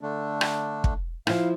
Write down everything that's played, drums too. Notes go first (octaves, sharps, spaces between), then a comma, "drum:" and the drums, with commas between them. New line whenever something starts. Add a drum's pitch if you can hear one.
D3 A3 D4
drum: rim click
drum: kick
F3 E4 F5, drum: rim click